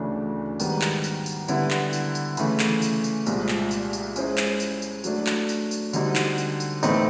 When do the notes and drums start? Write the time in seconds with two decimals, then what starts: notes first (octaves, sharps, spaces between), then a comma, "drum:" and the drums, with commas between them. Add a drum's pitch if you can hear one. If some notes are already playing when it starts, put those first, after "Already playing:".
Already playing: D2 C#3 E3 A3 D4
0.60 G#2 D#3 G3 B3, drum: tambourine
0.82 drum: clap
1.04 drum: tambourine
1.26 drum: tambourine
1.48 D3 G3 B3 E4, drum: tambourine
1.71 drum: clap
1.93 drum: tambourine
2.15 drum: tambourine
2.37 C#3 E3 A3, drum: tambourine
2.60 drum: clap
2.82 drum: tambourine
3.04 drum: tambourine
3.26 C2 A#2 F3 G#3, drum: tambourine
3.49 drum: clap
3.71 drum: tambourine
3.93 drum: tambourine
4.16 G#3 C#4 E4 G#4 C5, drum: tambourine
4.38 drum: clap
4.60 drum: tambourine
4.82 drum: tambourine
5.04 F#3 A3 D4, drum: tambourine
5.27 drum: clap
5.49 drum: tambourine
5.71 drum: tambourine
5.93 D3 G3 C4 D#4 F#4, drum: tambourine
6.16 drum: clap
6.38 drum: tambourine
6.60 drum: tambourine
6.83 A2 E3 A3 C4 D#4, drum: tambourine